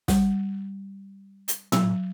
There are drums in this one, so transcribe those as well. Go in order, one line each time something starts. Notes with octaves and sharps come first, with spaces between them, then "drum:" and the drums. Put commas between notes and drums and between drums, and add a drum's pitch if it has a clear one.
G3, drum: snare
drum: hi-hat
F#3, drum: tom A2